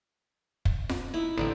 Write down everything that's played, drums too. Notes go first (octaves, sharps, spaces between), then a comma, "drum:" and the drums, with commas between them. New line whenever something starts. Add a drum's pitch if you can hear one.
drum: kick
drum: snare F4
D#4 E4
A1 D3 C4 G5